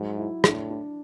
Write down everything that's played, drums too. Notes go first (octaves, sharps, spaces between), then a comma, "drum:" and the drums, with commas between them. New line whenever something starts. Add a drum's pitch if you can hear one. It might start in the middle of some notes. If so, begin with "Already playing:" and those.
Already playing: G#2 F#3
E4
A2 D4, drum: rim click
D4